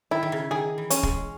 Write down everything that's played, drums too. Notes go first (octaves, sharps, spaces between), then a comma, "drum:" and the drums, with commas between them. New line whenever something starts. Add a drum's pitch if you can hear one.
D#3 E4
D#3
C#3
D#3 G#4
E3
C#4, drum: hi-hat
G#3, drum: kick